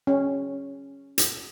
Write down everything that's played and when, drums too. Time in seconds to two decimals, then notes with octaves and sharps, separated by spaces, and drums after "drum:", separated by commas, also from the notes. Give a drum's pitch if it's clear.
0.07 C#4
1.18 drum: hi-hat